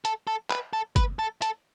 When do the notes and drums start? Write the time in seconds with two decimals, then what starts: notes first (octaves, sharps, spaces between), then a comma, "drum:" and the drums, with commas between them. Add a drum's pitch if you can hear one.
0.05 A4, drum: hi-hat
0.27 A4
0.50 B4, drum: clap
0.73 A4
0.96 B4, drum: kick, hi-hat
1.19 A4
1.42 A4, drum: hi-hat